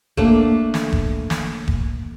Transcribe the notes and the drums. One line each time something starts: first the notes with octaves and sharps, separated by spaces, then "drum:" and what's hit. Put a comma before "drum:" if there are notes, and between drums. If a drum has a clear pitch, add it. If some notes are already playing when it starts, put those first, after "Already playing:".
A3 A#3 D4, drum: kick
drum: snare
drum: kick
drum: snare
drum: kick